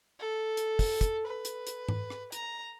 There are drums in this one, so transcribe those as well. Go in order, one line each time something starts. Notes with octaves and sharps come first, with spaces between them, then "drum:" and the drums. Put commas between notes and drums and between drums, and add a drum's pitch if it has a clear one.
A4
drum: hi-hat
drum: kick, open hi-hat
drum: kick, hi-hat
B4
drum: hi-hat
drum: hi-hat
drum: tom G#2
drum: rim click
A#5, drum: hi-hat